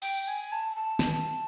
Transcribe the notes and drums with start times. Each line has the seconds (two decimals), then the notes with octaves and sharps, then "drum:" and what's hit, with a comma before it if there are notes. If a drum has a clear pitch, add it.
0.02 G5, drum: cymbal
0.28 G#5
0.52 A5
0.76 A5
0.99 drum: snare
1.13 A5